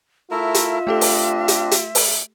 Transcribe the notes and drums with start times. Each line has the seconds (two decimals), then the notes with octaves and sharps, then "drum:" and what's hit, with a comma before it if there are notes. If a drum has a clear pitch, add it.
0.31 A3 E4 F4 A#4 E5
0.54 drum: hi-hat
0.87 A3 C4 D4 G4 A4
1.01 drum: open hi-hat
1.48 drum: hi-hat
1.71 drum: hi-hat
1.95 drum: open hi-hat